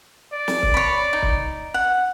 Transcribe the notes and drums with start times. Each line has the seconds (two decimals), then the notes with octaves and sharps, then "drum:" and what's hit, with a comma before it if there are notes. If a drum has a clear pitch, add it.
0.33 D5
0.48 drum: snare
0.63 drum: kick C#1
0.74 C#5 B5
1.13 D#4
1.22 drum: kick C#1
1.74 F#5